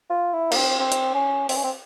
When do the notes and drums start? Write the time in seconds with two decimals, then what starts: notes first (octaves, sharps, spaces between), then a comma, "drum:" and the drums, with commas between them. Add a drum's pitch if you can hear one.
0.10 F4
0.33 E4
0.52 A#3, drum: cymbal
0.57 C4
0.79 C4
0.92 drum: hi-hat
1.14 C#4
1.49 C4, drum: open hi-hat
1.57 C#4
1.64 C4